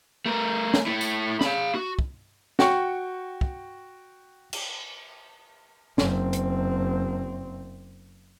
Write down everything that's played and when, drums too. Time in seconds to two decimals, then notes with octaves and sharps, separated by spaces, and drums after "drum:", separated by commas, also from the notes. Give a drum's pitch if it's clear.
0.26 A3 A#4
0.74 drum: snare
0.86 A3 E4
1.01 drum: tambourine
1.41 F5 B5, drum: snare
1.75 F#4
1.99 drum: kick
2.59 F#4 G5 C#6, drum: snare
3.41 drum: kick
4.53 drum: cymbal
5.98 F#1 C4, drum: snare
6.33 drum: hi-hat